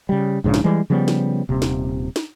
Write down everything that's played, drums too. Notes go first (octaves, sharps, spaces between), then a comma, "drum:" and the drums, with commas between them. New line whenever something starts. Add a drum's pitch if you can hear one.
C#3 G3
A#1 G#2 C#3 D4
drum: snare
E3 G3 G#3
C#3 F3 G3 B3
drum: snare
D#1 C3
drum: snare
drum: snare